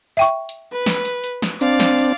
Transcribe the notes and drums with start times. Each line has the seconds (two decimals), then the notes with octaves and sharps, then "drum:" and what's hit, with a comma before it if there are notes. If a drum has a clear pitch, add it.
0.17 E5 G5 C#6
0.49 drum: hi-hat
0.72 B4
0.86 drum: snare
1.05 drum: hi-hat
1.24 drum: hi-hat
1.42 drum: snare
1.61 C4 D4 D5 F5, drum: hi-hat
1.80 drum: snare
1.98 drum: open hi-hat